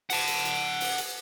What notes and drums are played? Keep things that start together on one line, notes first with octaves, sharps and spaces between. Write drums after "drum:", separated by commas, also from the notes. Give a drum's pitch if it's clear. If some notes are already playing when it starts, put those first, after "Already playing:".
F#5 A5, drum: open hi-hat
drum: hi-hat
drum: hi-hat
drum: open hi-hat
drum: hi-hat